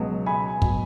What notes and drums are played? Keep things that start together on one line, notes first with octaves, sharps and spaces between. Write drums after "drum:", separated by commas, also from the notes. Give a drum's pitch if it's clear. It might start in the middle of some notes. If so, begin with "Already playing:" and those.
Already playing: C#2 B2 F#3
G#5 B5
B2 F#3, drum: kick